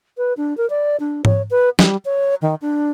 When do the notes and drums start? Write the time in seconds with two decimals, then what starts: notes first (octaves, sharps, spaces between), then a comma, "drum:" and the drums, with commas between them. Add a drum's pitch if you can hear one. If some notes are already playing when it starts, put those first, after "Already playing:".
0.17 B4
0.37 D4
0.57 A#4
0.70 D5
1.00 D4
1.25 C#5, drum: tom G#2
1.51 B4
1.79 G3, drum: snare
2.05 C#5
2.42 D#3
2.62 D4